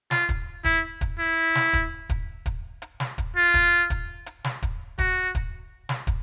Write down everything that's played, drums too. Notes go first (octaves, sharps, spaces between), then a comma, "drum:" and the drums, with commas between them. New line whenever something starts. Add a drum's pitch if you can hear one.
F4, drum: snare
drum: kick, hi-hat
E4, drum: kick, hi-hat
drum: kick, hi-hat
E4
drum: snare
drum: kick, hi-hat
drum: kick, hi-hat
drum: kick, hi-hat
drum: hi-hat
drum: snare
drum: kick, hi-hat
F4
drum: kick, hi-hat
drum: kick, hi-hat
drum: hi-hat
drum: snare
drum: kick, hi-hat
F#4, drum: kick, hi-hat
drum: kick, hi-hat
drum: snare
drum: kick, hi-hat